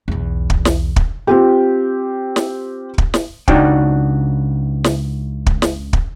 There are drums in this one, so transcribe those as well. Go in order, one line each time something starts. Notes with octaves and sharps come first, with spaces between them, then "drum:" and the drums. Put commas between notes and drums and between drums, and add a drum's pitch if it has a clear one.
B1 E2
drum: kick
drum: snare
drum: kick
C4 F4 G4
drum: snare
drum: kick
drum: snare
C#2 D4 D#4 F#4 D5 G5, drum: kick
drum: snare
drum: kick
drum: snare
drum: kick